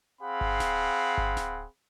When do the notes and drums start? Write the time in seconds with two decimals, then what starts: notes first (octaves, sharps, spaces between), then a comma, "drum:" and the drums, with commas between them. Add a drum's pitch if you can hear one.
0.22 C4 G#4 F5 F#5 B5
0.41 drum: kick G1
0.60 drum: snare D1
1.18 drum: kick G1
1.37 drum: snare D1